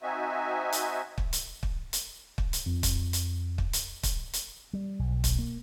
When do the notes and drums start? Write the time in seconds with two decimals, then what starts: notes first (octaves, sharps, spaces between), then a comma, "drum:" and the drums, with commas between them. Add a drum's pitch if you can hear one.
0.02 C4 D#4 F#4 E5 G#5
0.72 drum: hi-hat
1.18 drum: kick
1.33 drum: hi-hat
1.63 drum: kick
1.93 drum: hi-hat
2.38 drum: kick
2.53 drum: hi-hat
2.66 F2
2.83 drum: kick, hi-hat
3.13 drum: hi-hat
3.58 drum: kick
3.73 drum: hi-hat
4.03 drum: kick, hi-hat
4.33 drum: hi-hat
4.73 G3
4.99 B1
5.24 drum: kick, hi-hat
5.39 A#3